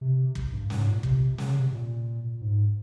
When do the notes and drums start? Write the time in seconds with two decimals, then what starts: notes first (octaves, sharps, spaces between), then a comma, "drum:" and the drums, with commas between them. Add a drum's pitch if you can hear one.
0.01 C3
0.35 drum: kick
0.53 G2
0.70 G#2, drum: snare
0.87 A#2
1.03 C3, drum: kick
1.38 C#3, drum: snare
1.55 C3
1.72 A#2
2.41 G#2